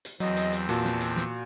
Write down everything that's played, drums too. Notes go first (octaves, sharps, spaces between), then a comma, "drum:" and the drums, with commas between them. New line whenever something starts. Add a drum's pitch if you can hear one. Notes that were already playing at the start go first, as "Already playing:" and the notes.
drum: hi-hat
E2 F#3 C4 D#5, drum: hi-hat
drum: hi-hat
drum: hi-hat
A#2 F#4 A5, drum: hi-hat
drum: snare
drum: hi-hat
drum: snare